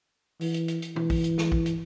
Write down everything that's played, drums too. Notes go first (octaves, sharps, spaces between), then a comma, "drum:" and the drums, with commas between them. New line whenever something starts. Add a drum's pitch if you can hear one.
E3, drum: open hi-hat
drum: hi-hat
drum: hi-hat
drum: hi-hat
E3, drum: tom B2
drum: kick, open hi-hat
drum: hi-hat
drum: snare
drum: kick
drum: hi-hat